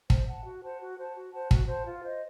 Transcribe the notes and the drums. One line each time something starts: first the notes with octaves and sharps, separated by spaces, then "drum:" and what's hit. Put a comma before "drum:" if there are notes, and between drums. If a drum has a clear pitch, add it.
C5, drum: kick
F#5 A5
F#4
C5 F#5 A5
F#4
C5 F#5 A5
F#4
C5 F#5 A5
F#4, drum: kick
C5 F#5 A5
F4
C5 D#5